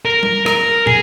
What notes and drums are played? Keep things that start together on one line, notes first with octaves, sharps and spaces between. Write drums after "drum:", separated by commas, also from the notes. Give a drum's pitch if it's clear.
A#4
drum: tom G3
A#4, drum: rim click
G#4, drum: tom